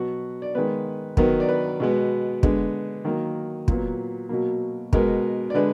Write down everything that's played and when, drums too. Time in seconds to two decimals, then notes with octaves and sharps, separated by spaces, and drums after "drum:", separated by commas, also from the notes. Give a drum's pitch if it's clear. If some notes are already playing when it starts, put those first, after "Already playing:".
Already playing: B2 F#3 B3 F#4
0.42 D5
0.55 D#3 G#3 B3 B4
1.17 D#3 F#3 B3 A#4, drum: kick
1.40 D5
1.49 B4
1.80 B2 G#3 B3
2.43 D3 G#3 B3, drum: kick
3.05 D#3 F#3 A#3
3.68 A#2 F#3 B3, drum: kick
4.29 B2 F#3 A#3
4.93 B2 G#3 B3 A#4, drum: kick
5.50 D5
5.54 D3 G#3 B4